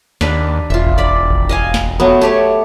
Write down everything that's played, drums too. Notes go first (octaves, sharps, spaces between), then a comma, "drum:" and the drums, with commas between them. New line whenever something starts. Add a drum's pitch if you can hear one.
D#2 D4 B4, drum: snare
E1 F4 E5
drum: kick G#1
D5 B5
drum: kick G#1
D#5 F5 G#5
drum: snare
F#3 A3 B3
A3 G4 C#5